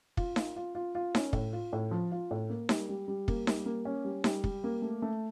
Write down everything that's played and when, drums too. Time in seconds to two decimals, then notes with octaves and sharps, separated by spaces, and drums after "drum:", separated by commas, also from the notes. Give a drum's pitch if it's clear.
0.17 F4, drum: kick
0.36 F4, drum: snare D#4
0.56 F4
0.75 F4
0.95 F4
1.15 C#4, drum: snare D#4
1.33 A2, drum: kick
1.53 F4
1.73 A2
1.91 F3
2.12 F4
2.31 A2
2.50 A#3
2.69 G3, drum: snare D#4
2.89 G3
3.08 G3
3.28 A#3, drum: kick
3.47 G3, drum: snare D#4
3.66 A#3
3.85 C#4
4.05 G3
4.24 G3, drum: snare D#4
4.44 G3, drum: kick
4.64 A#3
4.82 A3
5.02 A3